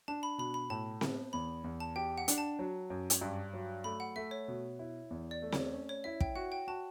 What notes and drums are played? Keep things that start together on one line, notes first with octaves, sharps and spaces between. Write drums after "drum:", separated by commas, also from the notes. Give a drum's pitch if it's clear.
D4 A5
B5
B2 B5
B5
A2 A5
B3, drum: snare C4
E2 B5
E2
A5
G4 G5
F#5
D4, drum: hi-hat
A5
F#3
F#2
drum: hi-hat
G2
F#3
A3 B5
F#5
A3 E5
C#5
B2
E4
E2
D5
A3
C#5, drum: snare C4
C#4
C#5
E4 E5
G5, drum: kick
F#4 F#5
G5
F#4 A5